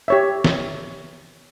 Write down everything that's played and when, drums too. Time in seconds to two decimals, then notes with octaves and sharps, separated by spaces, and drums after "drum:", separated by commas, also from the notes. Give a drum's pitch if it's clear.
0.08 G4 C#5 E5
0.44 drum: snare